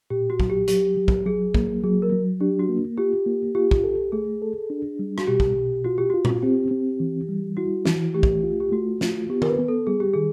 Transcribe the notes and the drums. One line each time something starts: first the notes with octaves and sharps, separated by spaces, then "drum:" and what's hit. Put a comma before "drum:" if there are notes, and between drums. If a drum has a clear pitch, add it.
A#2 G4
F#4
F#3, drum: kick
G4
F#3 G4, drum: hi-hat
F#3
drum: kick
F#3 G#4
A#3, drum: kick
F#3 G#4
A#4
F#3
D4 G4
F#4
A#3
F4 G4
A#3
F4 G4
drum: kick
A4
A3 G#4
A4
D4
G3
F#4, drum: rim click
B2 G4
drum: kick
B2
F4 F#4
G4
F4 F#4
drum: tom A#2
C4 G4
C4
E3
G3
E4 F#4
E3, drum: snare
A3 G4
drum: kick
F4
G4
A3 F#4
F4, drum: snare
B3 G4
A#4, drum: tom D#3
B4
B3
A4
G3 G#4
G4
D#3 G#4